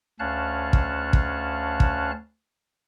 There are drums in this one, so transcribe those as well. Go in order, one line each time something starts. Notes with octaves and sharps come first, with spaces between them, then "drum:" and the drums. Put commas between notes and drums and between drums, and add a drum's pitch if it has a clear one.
D2 C#4 C#5 F5 A5 F#6
drum: kick
drum: kick
drum: kick